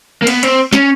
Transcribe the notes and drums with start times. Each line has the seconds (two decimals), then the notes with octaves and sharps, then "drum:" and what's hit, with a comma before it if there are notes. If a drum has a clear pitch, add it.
0.22 A#3
0.27 B3, drum: cymbal
0.43 C4, drum: cymbal
0.73 C#4, drum: snare